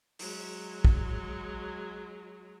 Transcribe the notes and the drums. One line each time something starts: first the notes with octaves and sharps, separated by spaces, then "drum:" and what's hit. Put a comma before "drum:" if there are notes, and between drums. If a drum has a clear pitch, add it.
F#3 G#3, drum: open hi-hat
drum: kick